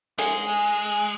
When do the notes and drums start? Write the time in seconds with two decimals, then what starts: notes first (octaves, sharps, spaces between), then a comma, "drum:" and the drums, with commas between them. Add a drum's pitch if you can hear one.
0.18 G#3 G#5, drum: hi-hat